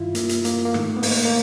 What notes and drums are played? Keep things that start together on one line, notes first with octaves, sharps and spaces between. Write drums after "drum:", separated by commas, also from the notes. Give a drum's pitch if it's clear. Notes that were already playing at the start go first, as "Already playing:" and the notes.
Already playing: G2 D#3 E4 F4
A#3, drum: hi-hat
drum: hi-hat
A#3, drum: hi-hat
A#3
G#2 D#3 A3, drum: rim click
B3
A#3, drum: open hi-hat
A#3